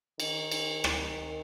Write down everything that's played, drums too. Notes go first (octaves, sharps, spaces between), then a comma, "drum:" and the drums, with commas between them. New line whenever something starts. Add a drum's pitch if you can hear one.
D#3, drum: cymbal
drum: cymbal
drum: rim click